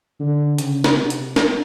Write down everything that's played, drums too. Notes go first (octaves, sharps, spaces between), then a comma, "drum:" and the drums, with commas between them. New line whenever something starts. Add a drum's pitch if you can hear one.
D3
C#3, drum: hi-hat
drum: snare
C3
drum: hi-hat
drum: snare